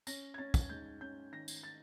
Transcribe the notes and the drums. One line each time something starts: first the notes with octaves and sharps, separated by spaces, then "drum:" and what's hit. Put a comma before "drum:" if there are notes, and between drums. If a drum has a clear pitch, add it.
C#4 A#6, drum: tambourine
G#6
C#4 A6
drum: kick, tambourine
G#2 G6
C#4 G6
D#3 A#6
drum: tambourine
A6